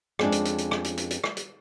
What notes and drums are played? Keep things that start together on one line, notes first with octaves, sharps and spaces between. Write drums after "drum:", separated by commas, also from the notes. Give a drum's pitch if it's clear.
F2 G#3 A#3 C#4 D4, drum: rim click
drum: hi-hat
drum: hi-hat
drum: hi-hat
drum: rim click
drum: hi-hat
drum: hi-hat
drum: hi-hat
drum: rim click
drum: hi-hat